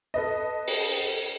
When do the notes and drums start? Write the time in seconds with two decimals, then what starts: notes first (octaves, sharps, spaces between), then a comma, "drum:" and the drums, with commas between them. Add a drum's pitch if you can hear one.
0.14 A4 B4 D#5
0.68 drum: open hi-hat